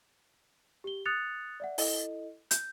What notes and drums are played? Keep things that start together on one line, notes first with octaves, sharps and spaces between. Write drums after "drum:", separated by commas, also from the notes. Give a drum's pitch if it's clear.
G4 G7
D#6 F#6 A6 C#7 F7
D5 E5 F#5
E4 A4 D#5, drum: open hi-hat
G6, drum: hi-hat